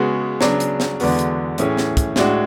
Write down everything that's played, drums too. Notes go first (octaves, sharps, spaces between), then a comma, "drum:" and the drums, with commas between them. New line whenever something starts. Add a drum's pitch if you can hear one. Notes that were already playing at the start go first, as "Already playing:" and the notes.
Already playing: C#3 G#3 B3 F#4
C#3 F#3 B3 D4, drum: snare
drum: hi-hat
drum: snare
E2 D3 G#3 B3 F#4, drum: open hi-hat
drum: hi-hat
A2 E3 A3 C#4 G#4, drum: hi-hat
drum: snare
drum: kick, hi-hat
A2 G#3 D4 F#4, drum: snare